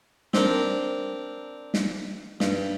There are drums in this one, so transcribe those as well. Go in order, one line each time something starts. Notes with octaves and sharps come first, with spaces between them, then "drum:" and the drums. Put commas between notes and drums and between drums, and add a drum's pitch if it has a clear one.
C4 D4 A#4, drum: snare
drum: snare
G2, drum: snare